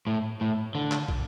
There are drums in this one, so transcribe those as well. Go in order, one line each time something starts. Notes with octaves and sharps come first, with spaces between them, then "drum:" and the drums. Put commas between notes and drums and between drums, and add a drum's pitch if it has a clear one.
A2
A2
D3
drum: clap
drum: kick